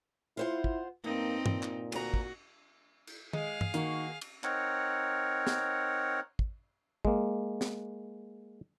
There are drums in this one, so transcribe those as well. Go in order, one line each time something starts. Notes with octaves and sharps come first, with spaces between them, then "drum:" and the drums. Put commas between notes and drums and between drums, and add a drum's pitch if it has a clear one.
E4 F4 C5 F#5
drum: kick
G2 A#3 C4 D#4
A#2, drum: tom G2
drum: clap
D2 F#4 A#5, drum: cymbal
drum: kick
drum: cymbal
G#3 G#4 F5, drum: tom
drum: tom G2
D#3 A#3 F#4, drum: hi-hat
drum: cymbal
C4 D#4 A#4 C#5 F#5, drum: clap
drum: snare
drum: kick
G#3 A#3, drum: kick
drum: snare